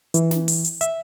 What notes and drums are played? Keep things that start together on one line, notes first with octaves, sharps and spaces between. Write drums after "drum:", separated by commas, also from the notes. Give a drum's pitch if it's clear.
E3, drum: hi-hat
drum: snare
drum: open hi-hat
drum: hi-hat
E5, drum: hi-hat